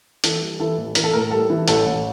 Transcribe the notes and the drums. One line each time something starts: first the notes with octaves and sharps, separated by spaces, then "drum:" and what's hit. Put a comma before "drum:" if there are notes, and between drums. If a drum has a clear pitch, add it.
E3 A4, drum: hi-hat
G3
E3 A4
A1
E3 A#4, drum: hi-hat
A4
A2 A#4
G3 A4
E3
A1 A4, drum: hi-hat
A1